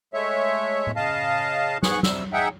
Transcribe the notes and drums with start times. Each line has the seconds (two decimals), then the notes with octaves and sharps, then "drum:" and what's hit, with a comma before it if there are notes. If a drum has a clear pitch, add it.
0.14 G#3 A3 C#5 E5
0.87 drum: tom A2
0.96 C#3 D#5 F5 A5
1.83 G#2 B3 G#4 C#6 F#6, drum: snare
2.03 F2 C3 G3 E6, drum: snare
2.33 D#4 G#4 E5 F#5 G5